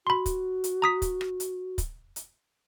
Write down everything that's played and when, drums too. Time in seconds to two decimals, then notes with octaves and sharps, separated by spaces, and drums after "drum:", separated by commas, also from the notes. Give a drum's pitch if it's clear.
0.07 F#4 B5 C6
0.26 drum: kick, hi-hat
0.64 drum: hi-hat
0.82 A#5 D#6 B6
1.02 drum: kick, hi-hat
1.21 drum: rim click
1.40 drum: hi-hat
1.78 drum: kick, hi-hat
2.16 drum: hi-hat